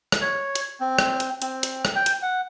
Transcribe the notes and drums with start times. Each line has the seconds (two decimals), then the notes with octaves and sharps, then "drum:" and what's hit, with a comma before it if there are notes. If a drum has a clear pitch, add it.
0.12 drum: rim click
0.21 C#5
0.55 drum: hi-hat
0.81 C4
0.99 drum: rim click
1.20 drum: hi-hat
1.42 C4, drum: hi-hat
1.63 drum: hi-hat
1.85 drum: rim click
1.96 G5
2.06 drum: hi-hat
2.22 F#5